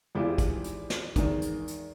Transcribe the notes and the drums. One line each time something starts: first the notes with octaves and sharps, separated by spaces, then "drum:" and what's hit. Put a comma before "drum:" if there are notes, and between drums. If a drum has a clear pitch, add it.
G#1 E2 G#2 E4 F4 G4
drum: kick, hi-hat
drum: hi-hat
drum: snare
E2 G#2 D#3, drum: kick, hi-hat
drum: hi-hat
drum: hi-hat